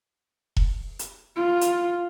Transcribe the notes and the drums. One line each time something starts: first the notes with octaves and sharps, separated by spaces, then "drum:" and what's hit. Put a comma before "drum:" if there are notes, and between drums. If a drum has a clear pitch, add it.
drum: kick E1
drum: hi-hat
F4
drum: hi-hat